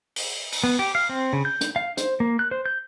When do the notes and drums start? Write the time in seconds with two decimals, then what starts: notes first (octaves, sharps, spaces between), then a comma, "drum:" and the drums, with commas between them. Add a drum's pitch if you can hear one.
0.16 drum: open hi-hat
0.52 drum: open hi-hat
0.64 B3
0.79 G4
0.95 F5
1.09 C4
1.33 C#3
1.45 G6
1.61 drum: hi-hat
1.76 F5
1.97 C5, drum: hi-hat
2.20 A#3
2.39 F#6
2.51 C5
2.66 G6